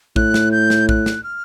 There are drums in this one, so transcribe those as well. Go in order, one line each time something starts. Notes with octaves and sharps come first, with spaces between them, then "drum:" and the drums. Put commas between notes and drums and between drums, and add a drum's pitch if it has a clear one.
A2 F#6, drum: kick A#1
drum: snare
G6
drum: snare
F#6, drum: kick A#1
drum: snare
F6